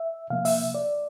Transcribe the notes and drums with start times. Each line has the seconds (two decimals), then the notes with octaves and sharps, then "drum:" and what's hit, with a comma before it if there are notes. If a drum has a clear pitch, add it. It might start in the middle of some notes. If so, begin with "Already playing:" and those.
Already playing: E5
0.30 C3 F3 A#3 F5
0.45 E5, drum: open hi-hat
0.75 D5